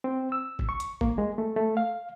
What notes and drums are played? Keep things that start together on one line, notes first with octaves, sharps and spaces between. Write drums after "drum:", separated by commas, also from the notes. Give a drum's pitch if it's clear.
C4
E6
drum: kick
C#6
drum: hi-hat
A#3, drum: kick
G#3
A3
A3
F5